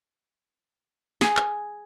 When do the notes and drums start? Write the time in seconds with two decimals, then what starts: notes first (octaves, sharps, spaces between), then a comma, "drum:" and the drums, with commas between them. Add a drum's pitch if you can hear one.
1.21 G#4, drum: snare
1.37 drum: clap